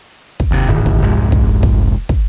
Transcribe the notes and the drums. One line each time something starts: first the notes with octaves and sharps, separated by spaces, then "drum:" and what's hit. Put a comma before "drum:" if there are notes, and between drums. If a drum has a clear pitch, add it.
drum: kick
D#2 C3
D1 G#1
drum: kick
F1 C2 G#2 G#3
drum: kick
drum: kick
drum: kick